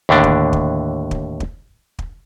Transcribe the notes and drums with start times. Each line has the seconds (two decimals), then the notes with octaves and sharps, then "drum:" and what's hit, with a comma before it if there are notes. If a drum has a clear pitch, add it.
0.09 D#2 A2 D3 D4
0.24 drum: kick
0.53 drum: kick
1.11 drum: kick
1.40 drum: kick
1.99 drum: kick